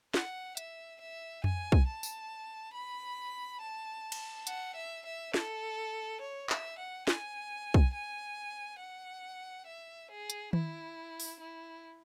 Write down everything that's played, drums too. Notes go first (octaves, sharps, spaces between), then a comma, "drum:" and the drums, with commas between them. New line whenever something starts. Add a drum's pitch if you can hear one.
F#5, drum: snare
E5, drum: hi-hat
E5
G#5, drum: tom F2
drum: kick
A5
drum: tambourine
B5
A5
drum: cymbal
F#5, drum: hi-hat
E5
E5
A4, drum: snare
C#5
E5, drum: clap
F#5
G#5, drum: snare
drum: kick
G#5
F#5
E5
G#4
drum: hi-hat
E4, drum: tom D#3
drum: open hi-hat
E4